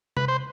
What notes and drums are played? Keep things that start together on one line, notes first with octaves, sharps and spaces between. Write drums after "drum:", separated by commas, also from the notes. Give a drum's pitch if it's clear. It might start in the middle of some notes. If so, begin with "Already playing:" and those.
B4, drum: tom C3
C5